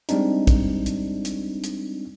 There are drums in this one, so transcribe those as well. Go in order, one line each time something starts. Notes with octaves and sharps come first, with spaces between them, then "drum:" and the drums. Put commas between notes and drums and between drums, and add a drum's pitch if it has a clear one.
G3 G#3 C4 D4 D#4, drum: hi-hat
drum: kick, hi-hat
drum: hi-hat
drum: hi-hat
drum: hi-hat